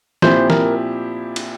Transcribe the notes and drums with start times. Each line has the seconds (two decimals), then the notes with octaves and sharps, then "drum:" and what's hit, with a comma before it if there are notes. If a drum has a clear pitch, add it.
0.22 A#2 F3 C4 E4 G4 C5, drum: snare
0.50 A#4, drum: snare
1.36 drum: cymbal